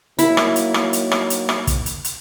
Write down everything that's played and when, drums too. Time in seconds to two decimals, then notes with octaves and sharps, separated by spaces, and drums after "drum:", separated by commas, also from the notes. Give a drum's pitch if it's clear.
0.19 D#3 F#3 A#3 E4, drum: hi-hat
0.37 drum: rim click
0.56 drum: hi-hat
0.74 drum: rim click
0.93 drum: hi-hat
1.11 drum: rim click
1.30 drum: hi-hat
1.49 drum: rim click
1.67 drum: kick, hi-hat
1.86 drum: hi-hat
2.04 drum: hi-hat